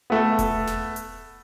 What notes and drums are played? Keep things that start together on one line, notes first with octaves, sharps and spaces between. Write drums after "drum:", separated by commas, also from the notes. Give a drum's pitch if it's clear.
A3 B3
drum: kick E1, hi-hat
drum: snare
drum: hi-hat